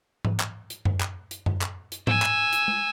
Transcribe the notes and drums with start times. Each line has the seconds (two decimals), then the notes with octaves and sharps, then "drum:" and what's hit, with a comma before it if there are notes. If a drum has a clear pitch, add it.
0.25 drum: tom G#2
0.40 drum: clap
0.70 drum: hi-hat
0.85 drum: tom F#2
1.01 drum: clap
1.31 drum: hi-hat
1.46 drum: tom F#2
1.61 drum: clap
1.92 drum: hi-hat
2.07 G#5 E6, drum: tom G#2
2.22 drum: clap
2.53 drum: hi-hat
2.68 drum: tom G#3